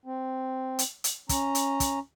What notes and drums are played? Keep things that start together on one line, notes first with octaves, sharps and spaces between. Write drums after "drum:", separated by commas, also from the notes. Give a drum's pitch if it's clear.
C4
drum: hi-hat
drum: hi-hat
C#4 A#5, drum: kick, hi-hat
drum: hi-hat
drum: kick, hi-hat